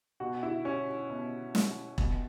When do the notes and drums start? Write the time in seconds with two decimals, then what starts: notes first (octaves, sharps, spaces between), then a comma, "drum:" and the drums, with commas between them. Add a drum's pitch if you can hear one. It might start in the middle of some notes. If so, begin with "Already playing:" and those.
0.20 B2 F#4
0.43 E4
0.65 C#4
1.10 B2
1.55 drum: snare
1.98 B2, drum: kick E1